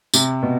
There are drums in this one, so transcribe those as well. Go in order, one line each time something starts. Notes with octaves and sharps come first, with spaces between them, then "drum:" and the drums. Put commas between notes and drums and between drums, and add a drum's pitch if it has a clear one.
C3, drum: tambourine
B2